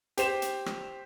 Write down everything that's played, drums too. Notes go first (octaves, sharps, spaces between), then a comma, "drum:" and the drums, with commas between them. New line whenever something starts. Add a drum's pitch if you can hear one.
G4 C5 E7, drum: hi-hat
drum: hi-hat
drum: rim click